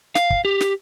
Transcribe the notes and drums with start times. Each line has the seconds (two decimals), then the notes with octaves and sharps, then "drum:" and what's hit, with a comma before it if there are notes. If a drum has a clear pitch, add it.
0.15 F5, drum: snare
0.30 drum: kick
0.45 G4
0.61 drum: snare